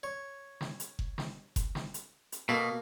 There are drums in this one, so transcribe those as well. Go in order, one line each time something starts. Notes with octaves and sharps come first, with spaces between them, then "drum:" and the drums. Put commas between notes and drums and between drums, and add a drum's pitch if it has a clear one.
C#5
drum: snare
drum: hi-hat
drum: kick F#1
drum: snare
drum: kick F#1, hi-hat
drum: snare
drum: hi-hat
drum: hi-hat
B2 A#3 A4